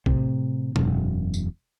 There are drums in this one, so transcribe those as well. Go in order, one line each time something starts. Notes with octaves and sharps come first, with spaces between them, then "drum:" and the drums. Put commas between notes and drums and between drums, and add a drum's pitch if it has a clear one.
A2 C3 C4, drum: kick
E1 F#2, drum: tom B2
drum: tambourine